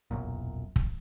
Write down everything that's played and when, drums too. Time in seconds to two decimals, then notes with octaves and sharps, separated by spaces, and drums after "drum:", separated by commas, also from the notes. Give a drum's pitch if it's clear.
0.11 E1 B1 F#2 A#2
0.76 drum: kick